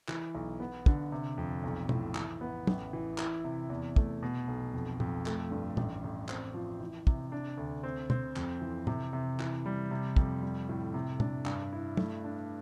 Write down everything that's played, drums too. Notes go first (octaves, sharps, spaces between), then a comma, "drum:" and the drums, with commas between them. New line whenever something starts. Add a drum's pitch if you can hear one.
E3, drum: clap
B1
B3
D3, drum: kick
C3
F2
B1
A2, drum: tom
E3, drum: clap
B3
A1, drum: tom
E3
E4, drum: clap
C3
E2
A3, drum: kick
B2
B1
F2
F2, drum: tom
A3, drum: clap
G2
A1, drum: tom
A1
C4, drum: clap
F3
E3
C3, drum: kick
D4
D2
C4
C4, drum: tom
F2, drum: clap
E3
C3, drum: tom
C3
E3, drum: clap
G3
C3
F2, drum: kick
G3
A2
C3
D4, drum: tom
G2, drum: clap
E4
A3, drum: tom
D4